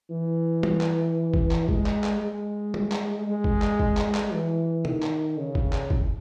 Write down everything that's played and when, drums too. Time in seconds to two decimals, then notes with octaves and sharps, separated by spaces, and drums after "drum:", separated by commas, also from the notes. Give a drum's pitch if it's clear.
0.10 E3
0.63 drum: tom
0.81 drum: clap
1.34 drum: kick
1.51 drum: clap
1.68 G#3, drum: kick
1.86 drum: clap
2.04 drum: clap
2.21 G#3
2.74 drum: tom
2.92 drum: clap
3.27 G#3
3.44 drum: kick
3.62 drum: clap
3.80 drum: kick
3.97 drum: clap
4.15 drum: clap
4.33 E3
4.85 D#3, drum: tom
5.02 drum: clap
5.38 C#3
5.55 drum: kick
5.73 drum: clap
5.90 drum: kick